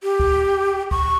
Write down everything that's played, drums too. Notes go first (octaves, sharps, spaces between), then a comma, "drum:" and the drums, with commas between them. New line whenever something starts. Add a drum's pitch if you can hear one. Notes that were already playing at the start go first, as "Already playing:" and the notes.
G4
drum: kick
C#6, drum: kick